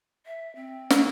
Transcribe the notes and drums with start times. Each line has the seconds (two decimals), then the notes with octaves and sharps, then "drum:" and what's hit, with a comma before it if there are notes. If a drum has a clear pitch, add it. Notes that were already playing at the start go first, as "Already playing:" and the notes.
0.26 E5
0.56 C4
0.90 drum: snare